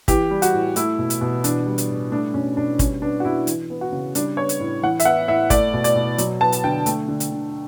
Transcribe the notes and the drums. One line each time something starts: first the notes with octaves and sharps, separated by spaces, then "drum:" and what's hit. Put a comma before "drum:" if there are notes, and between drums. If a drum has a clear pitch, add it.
E3 G4, drum: kick, hi-hat
G3
F#4, drum: hi-hat
A2
A3 E4, drum: hi-hat
B2
drum: hi-hat
B2
E3 D4, drum: hi-hat
G3
drum: hi-hat
A2
A3 D4
B2 C#4
B2 D4
G3 C#4, drum: kick, hi-hat
B3 D4
F#4
B2 E4
E3, drum: hi-hat
B3
F#4
C#3
G3 D4, drum: hi-hat
B3 C#5
drum: hi-hat
A2
E3 F#5
E5, drum: hi-hat
B3 F#5
A2 E5
A3 D5, drum: kick, hi-hat
B2
D5, drum: hi-hat
B2
F#3, drum: hi-hat
B3 A5
drum: hi-hat
D3 G5
A3, drum: hi-hat
D3
drum: hi-hat
D3